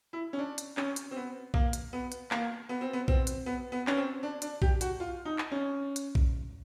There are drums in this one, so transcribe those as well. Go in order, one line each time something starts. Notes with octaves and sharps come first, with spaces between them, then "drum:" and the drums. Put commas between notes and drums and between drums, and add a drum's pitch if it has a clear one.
E4
C#4
D4
drum: hi-hat
C#4, drum: clap
drum: hi-hat
C4
B3
A#3, drum: kick B1
drum: hi-hat
B3
drum: hi-hat
A#3, drum: clap
B3
C4
B3
C4, drum: kick B1
drum: hi-hat
B3
B3
C#4, drum: clap
C4
D4
D4, drum: hi-hat
G4, drum: kick B1
F#4, drum: hi-hat
F4
D#4
drum: clap
C#4
drum: hi-hat
drum: kick B1